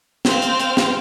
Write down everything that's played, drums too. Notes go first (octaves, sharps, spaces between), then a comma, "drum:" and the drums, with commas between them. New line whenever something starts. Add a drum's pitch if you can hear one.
C4 F5, drum: snare
drum: hi-hat
drum: hi-hat
drum: snare